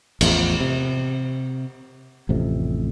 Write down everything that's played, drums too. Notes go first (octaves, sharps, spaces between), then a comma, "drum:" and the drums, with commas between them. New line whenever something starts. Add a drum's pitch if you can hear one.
A1 E2 F3, drum: cymbal
C3
A1 F2 C3